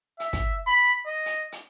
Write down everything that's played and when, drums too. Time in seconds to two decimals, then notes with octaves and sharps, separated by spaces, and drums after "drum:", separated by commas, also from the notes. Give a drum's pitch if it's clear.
0.20 E5, drum: hi-hat
0.33 drum: kick, hi-hat
0.67 B5
1.06 D#5
1.26 drum: hi-hat
1.52 drum: hi-hat